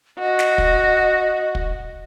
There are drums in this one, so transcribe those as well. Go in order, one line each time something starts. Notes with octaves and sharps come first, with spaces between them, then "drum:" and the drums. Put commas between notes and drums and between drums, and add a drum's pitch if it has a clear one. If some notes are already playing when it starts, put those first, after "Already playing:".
F#4 D#5
drum: snare
drum: kick
drum: kick